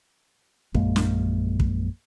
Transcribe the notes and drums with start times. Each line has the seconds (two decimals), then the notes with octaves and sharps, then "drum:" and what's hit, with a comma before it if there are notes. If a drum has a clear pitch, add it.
0.75 A#1 F#2 G#3 A#3, drum: kick
0.96 drum: snare
1.60 drum: kick